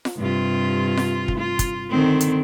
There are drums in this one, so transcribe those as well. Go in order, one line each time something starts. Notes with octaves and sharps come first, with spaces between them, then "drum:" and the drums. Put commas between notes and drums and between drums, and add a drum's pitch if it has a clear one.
drum: snare F4
G2 C3 F4
drum: snare F4
drum: kick
F4
drum: kick, hi-hat
D3 D#3 C4
drum: hi-hat